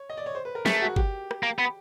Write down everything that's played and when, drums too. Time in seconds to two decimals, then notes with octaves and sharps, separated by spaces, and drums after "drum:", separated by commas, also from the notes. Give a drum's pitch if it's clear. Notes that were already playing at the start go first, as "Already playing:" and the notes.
Already playing: C#5
0.10 D#5
0.17 D5
0.26 C#5
0.35 C5
0.45 B4
0.55 A#4
0.66 A3 G#4, drum: snare
0.82 F#4
0.96 G4, drum: kick G1
1.31 drum: rim click
1.43 A#3
1.59 B3